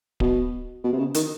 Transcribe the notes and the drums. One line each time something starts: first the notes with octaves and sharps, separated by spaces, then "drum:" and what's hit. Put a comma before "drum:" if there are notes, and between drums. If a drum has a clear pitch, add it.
B2, drum: kick D1
B2
C3
C#3
D#3, drum: hi-hat